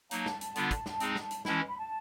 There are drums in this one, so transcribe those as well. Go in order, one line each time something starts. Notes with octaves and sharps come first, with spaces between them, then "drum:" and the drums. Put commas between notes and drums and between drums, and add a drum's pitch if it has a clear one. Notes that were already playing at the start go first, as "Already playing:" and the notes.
F#3 A#3 D#4 A5, drum: hi-hat
drum: snare
drum: hi-hat
D3 G3 B3 D4 F4, drum: hi-hat
drum: kick, hi-hat
drum: snare
G#3 C4 D#4 G#4, drum: hi-hat
drum: snare
drum: hi-hat
E3 G#3 C#4 E4 A5, drum: snare
B5
A5